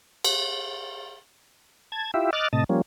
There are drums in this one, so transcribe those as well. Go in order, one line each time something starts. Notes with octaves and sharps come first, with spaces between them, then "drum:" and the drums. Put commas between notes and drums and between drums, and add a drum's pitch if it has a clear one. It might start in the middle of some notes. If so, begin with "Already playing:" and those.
drum: cymbal
A5 G#6
E4 F4 G4 E5
D#5 D6 F6 F#6 A6
A2 C3 D#5 A5
F3 G3 A#3 C#4